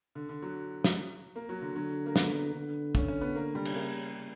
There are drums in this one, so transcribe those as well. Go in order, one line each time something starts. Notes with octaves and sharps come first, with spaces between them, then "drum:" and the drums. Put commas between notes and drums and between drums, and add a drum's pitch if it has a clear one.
D3
D3
F#3
drum: snare
A#3
F#3
D3
D3 F#3
A#3
B3, drum: snare
D3
C#4, drum: kick
C#4
B3
A#3
G3
drum: cymbal
C#3 A#3